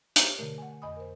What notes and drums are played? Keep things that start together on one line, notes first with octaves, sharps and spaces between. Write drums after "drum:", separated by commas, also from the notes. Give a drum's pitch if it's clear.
G4 C5 C#5 A#5, drum: hi-hat
B2 D3 A3 A#4
F#5 G#5
F2 D#5 G#5 B5 D#6
A#4 C5